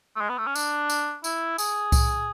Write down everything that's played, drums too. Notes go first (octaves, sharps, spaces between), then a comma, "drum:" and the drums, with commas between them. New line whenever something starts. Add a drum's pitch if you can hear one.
A3
G#3
B3
A3
C#4
D4, drum: tambourine
drum: tambourine
E4, drum: tambourine
G#4, drum: tambourine
drum: kick C2, tambourine